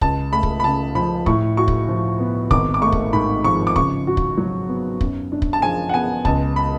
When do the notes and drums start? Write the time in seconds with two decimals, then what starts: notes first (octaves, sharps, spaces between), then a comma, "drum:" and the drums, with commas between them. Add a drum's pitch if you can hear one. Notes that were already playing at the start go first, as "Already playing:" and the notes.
0.01 C#2 A5, drum: kick
0.32 A3 B5
0.43 drum: kick
0.60 B5
0.64 C#3 A5
0.95 F3 B5
1.26 A2 C#6, drum: kick
1.57 F#4 C#6
1.68 drum: kick
1.89 F3
2.19 B3
2.51 G#1 D6, drum: kick
2.74 D6
2.82 A3 C#6
2.92 drum: kick
3.13 G#2 B5
3.44 F3 C#6
3.67 D6
3.76 C#3 C#6, drum: kick
4.07 F#4
4.17 drum: kick
4.37 F#3
4.69 B3
5.01 F#2, drum: kick
5.32 D4
5.42 drum: kick
5.53 A5
5.62 F3 G#5
5.89 F#5
5.94 B3 G#5
6.25 C#2 A5, drum: kick
6.56 B5